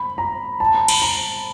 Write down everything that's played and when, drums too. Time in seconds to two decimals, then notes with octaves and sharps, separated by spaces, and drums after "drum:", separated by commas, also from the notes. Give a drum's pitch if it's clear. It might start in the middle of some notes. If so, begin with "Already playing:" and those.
Already playing: B5
0.18 A#5
0.60 A5
0.75 A#5
0.88 B5, drum: cymbal
1.02 A#5